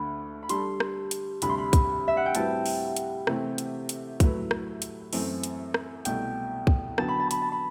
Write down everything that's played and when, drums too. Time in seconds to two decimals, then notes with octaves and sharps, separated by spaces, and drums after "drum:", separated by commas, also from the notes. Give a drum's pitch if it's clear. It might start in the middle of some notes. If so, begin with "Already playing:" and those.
Already playing: D2 D3 A3 D4 B5
0.43 B5
0.49 G3 D4 A4 C6, drum: hi-hat
0.80 drum: rim click
1.11 drum: hi-hat
1.42 D2 C3 G3 D4 B5, drum: hi-hat
1.49 C6
1.58 B5
1.73 drum: kick, hi-hat
2.08 E5
2.17 F#5
2.26 G5
2.35 A2 G3 C4 F#4 B4 A5, drum: hi-hat
2.66 drum: open hi-hat
2.96 drum: hi-hat
3.27 C3 E3 A3 C4 G4, drum: rim click
3.58 drum: hi-hat
3.89 drum: hi-hat
4.20 A2 F#3 A3 E4 B4, drum: kick, hi-hat
4.51 drum: rim click
4.82 drum: hi-hat
5.13 F#2 E3 A3 C4, drum: open hi-hat
5.44 drum: hi-hat
5.74 drum: rim click
6.05 C2 B2 A3 G5, drum: hi-hat
6.67 drum: kick
6.98 D3 F#3 B3 A5, drum: rim click
7.08 B5
7.20 A5
7.31 B5, drum: hi-hat
7.42 A5
7.52 B5